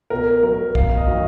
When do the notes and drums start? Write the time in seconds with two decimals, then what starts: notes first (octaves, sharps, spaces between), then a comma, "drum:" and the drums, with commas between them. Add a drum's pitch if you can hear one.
0.10 B2 A#4
0.43 F#3 A#4
0.75 F#2 F5, drum: kick
0.97 D#5
1.08 D#3 F#3